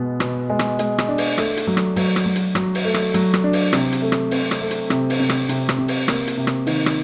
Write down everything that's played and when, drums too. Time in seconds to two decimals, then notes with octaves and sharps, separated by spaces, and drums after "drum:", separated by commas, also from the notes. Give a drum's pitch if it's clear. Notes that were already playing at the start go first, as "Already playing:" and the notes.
Already playing: B2 G#3 B3
0.20 B2, drum: rim click
0.49 G#3
0.59 drum: rim click
0.79 G#3, drum: hi-hat
0.98 drum: rim click
1.08 D4
1.18 drum: open hi-hat
1.38 A3, drum: rim click
1.57 drum: hi-hat
1.67 F#3
1.77 drum: rim click
1.96 F#3, drum: open hi-hat
2.16 drum: rim click
2.26 F#3
2.36 drum: hi-hat
2.55 F#3, drum: rim click
2.75 drum: open hi-hat
2.84 A3
2.94 drum: rim click
3.14 F#3, drum: hi-hat
3.34 drum: rim click
3.44 D4
3.53 drum: open hi-hat
3.73 C3, drum: rim click
3.92 drum: hi-hat
4.02 A3
4.12 drum: rim click
4.31 C4, drum: open hi-hat
4.51 drum: rim click
4.61 A3
4.71 drum: hi-hat
4.90 C3, drum: rim click
5.10 drum: open hi-hat
5.20 C3
5.29 drum: rim click
5.49 C3, drum: hi-hat
5.69 drum: rim click
5.78 C3
5.88 drum: open hi-hat
6.08 A#3, drum: rim click
6.27 drum: hi-hat
6.37 C3
6.47 drum: rim click
6.67 D#3, drum: open hi-hat
6.86 drum: rim click